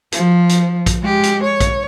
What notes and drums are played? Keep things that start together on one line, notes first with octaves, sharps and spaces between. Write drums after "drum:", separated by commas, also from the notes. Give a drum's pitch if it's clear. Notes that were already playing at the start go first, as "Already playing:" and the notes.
F3, drum: hi-hat
drum: hi-hat
drum: kick A#1, hi-hat
G#3 G4
drum: hi-hat
C#5
drum: kick A#1, hi-hat